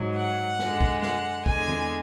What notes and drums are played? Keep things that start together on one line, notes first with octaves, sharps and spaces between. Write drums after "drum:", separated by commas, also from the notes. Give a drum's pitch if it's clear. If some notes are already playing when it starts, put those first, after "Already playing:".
Already playing: G#2 F#3
F#5
F#2 D3 G#3, drum: snare
drum: kick
F#5, drum: snare
E2 D3 G#3 G#5, drum: kick
drum: tom D#3